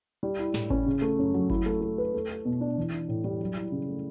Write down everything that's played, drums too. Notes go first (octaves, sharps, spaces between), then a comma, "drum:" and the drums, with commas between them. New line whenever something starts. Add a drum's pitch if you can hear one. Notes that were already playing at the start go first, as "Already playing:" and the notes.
G3
E4
A2, drum: snare
C#4, drum: kick G1
C#3
A3
F#2
F#3
E4, drum: kick G1
A3
A3
B4
A3
A4
B2
D4
E3
D4
A2
G3
F#3
E4
C#3
A3